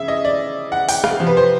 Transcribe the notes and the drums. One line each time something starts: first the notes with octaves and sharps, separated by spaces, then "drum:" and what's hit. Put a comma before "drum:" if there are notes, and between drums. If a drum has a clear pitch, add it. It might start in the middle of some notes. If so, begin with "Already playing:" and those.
Already playing: C#3 E5
D#5
D5
F#5
G5, drum: open hi-hat
F5, drum: rim click
C3 F3
B4
C5